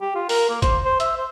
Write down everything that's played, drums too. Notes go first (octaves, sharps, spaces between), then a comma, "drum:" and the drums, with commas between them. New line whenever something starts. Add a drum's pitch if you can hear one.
G4
F4
A#4, drum: open hi-hat
A#3
C5, drum: kick, hi-hat
C5
E5, drum: hi-hat
C5